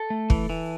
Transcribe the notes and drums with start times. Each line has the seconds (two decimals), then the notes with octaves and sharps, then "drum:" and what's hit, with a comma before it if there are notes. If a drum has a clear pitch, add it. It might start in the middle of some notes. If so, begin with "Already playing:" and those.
Already playing: A4
0.10 A3
0.30 E3, drum: kick
0.50 E3